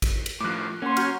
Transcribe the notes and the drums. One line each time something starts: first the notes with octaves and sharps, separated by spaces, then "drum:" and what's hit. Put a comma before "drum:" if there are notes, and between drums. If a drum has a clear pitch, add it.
drum: kick, cymbal
drum: cymbal
A2 F3 D6 F#6
A#3 C#4 F#5 C6
F#3 F6 G6 G#6, drum: cymbal